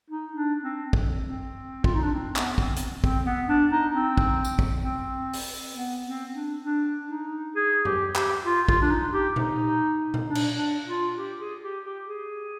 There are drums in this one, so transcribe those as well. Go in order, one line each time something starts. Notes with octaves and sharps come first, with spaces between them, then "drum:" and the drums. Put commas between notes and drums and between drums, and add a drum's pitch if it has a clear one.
D#4
D4
C4
C4, drum: kick
C4
F4, drum: kick
D#4
D4
C4
B3, drum: clap
C4, drum: kick
drum: hi-hat
C4, drum: kick
B3
D4
D#4
C4
drum: kick
drum: tambourine
drum: kick
C4
drum: open hi-hat
B3
C4
D4
D4
D#4
G#4
G4, drum: tom F#2
G4, drum: clap
F4
F4, drum: kick
D4
D#4
G4
D#4, drum: tom A#2
drum: tom A#2
D4
drum: cymbal
D4
F4
G4
G#4
G4
G4
G#4